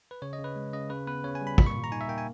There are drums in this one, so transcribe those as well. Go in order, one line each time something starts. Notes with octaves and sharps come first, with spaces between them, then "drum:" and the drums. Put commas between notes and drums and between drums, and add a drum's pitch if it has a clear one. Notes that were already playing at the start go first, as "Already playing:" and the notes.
B4
C#3 C#5
D#5
C#3
B4
G#3
C#3 D#5
C#3 B4
B3 B4
C#3 C#5
G#5
G3
B5
A#3 B5, drum: kick
C#6
A#2
A#5
D#4 G#5
E5
A#3 G5
G#5